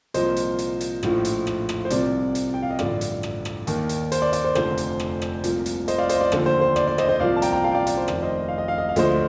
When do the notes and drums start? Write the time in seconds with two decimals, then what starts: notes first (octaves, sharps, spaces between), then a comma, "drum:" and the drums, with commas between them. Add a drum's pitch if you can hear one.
0.14 C2 A#2 F3 C5 D#5, drum: hi-hat
0.36 drum: hi-hat
0.59 drum: hi-hat
0.81 drum: hi-hat
1.03 A#1 A2 F3, drum: rim click
1.25 drum: hi-hat
1.47 drum: rim click
1.69 drum: rim click
1.85 C5
1.90 C2 C3 F3 D5, drum: hi-hat
2.35 drum: hi-hat
2.54 G5
2.62 F5
2.70 D#5
2.79 A1 G2 D3 F3 D5, drum: rim click
3.01 drum: hi-hat
3.23 drum: rim click
3.45 drum: rim click
3.67 D#2 D#3, drum: hi-hat
3.89 drum: hi-hat
4.12 C5, drum: hi-hat
4.22 D5
4.33 D5, drum: hi-hat
4.45 C5
4.55 F1 F2 D3 C5, drum: rim click
4.77 drum: hi-hat
5.00 drum: rim click
5.22 drum: rim click
5.44 C2 A#2 F3, drum: hi-hat
5.66 drum: hi-hat
5.88 C5 D#5, drum: hi-hat
5.98 D5 F5
6.09 C5 D#5, drum: hi-hat
6.21 D5
6.32 D#2 D3 F3, drum: rim click
6.46 C5
6.61 C5
6.76 D5, drum: rim click
6.87 D5
6.98 C5 D#5, drum: rim click
7.09 C5 D#5
7.20 C2 A#2 F3 D5 F5
7.36 A5
7.42 G5 A#5, drum: hi-hat
7.53 G5 A#5
7.64 F5 A5
7.71 G5
7.75 D5 F5
7.87 D5, drum: hi-hat
7.97 C5
8.08 F1 F2 D#3 D5, drum: rim click
8.22 C5 D#5
8.38 D#5
8.48 F5
8.58 D#5
8.68 F5
8.78 D#5
8.89 F5
8.96 D2 D3 F3 C5 D#5, drum: hi-hat